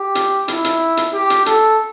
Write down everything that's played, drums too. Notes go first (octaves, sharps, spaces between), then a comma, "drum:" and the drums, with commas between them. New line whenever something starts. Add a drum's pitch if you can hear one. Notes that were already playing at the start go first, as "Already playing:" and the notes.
Already playing: G4
drum: hi-hat
E4, drum: hi-hat
drum: hi-hat
drum: hi-hat
G4
drum: hi-hat
A4, drum: hi-hat